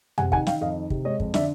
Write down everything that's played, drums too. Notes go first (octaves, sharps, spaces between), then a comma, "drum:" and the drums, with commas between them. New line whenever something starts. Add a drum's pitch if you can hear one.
C3 F#5 G#5, drum: tom F2
D#3 F#5 G#5, drum: kick
D#3 F5 G5, drum: snare
F2 D#5 F5
D#3
C3, drum: kick
G#3 C#5 D#5
F2, drum: kick
D3 D5 E5, drum: snare